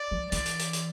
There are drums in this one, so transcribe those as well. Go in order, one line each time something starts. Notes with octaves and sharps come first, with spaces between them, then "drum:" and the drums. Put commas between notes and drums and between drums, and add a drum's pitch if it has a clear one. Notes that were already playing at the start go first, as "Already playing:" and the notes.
Already playing: D5
F3
E3 D5, drum: hi-hat
drum: hi-hat
drum: hi-hat
drum: hi-hat